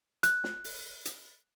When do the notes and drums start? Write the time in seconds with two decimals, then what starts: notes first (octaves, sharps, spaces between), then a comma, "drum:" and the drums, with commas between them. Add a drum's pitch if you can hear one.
0.23 F#6, drum: hi-hat
0.44 drum: snare
0.64 drum: open hi-hat
1.05 drum: hi-hat